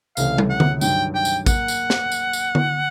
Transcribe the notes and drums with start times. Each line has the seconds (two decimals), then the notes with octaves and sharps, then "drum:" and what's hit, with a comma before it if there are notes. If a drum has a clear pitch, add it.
0.17 C#2 C3 E3 A3 C#4 F5, drum: tambourine
0.38 drum: tom
0.49 F#5
0.60 drum: tom D3
0.81 G2 D#3 F#3 G5, drum: tambourine
1.15 G5
1.25 drum: tambourine
1.46 A#3 F#5, drum: kick, tambourine
1.68 drum: tambourine
1.90 drum: snare
2.12 drum: tambourine
2.33 drum: tambourine
2.55 drum: tom D3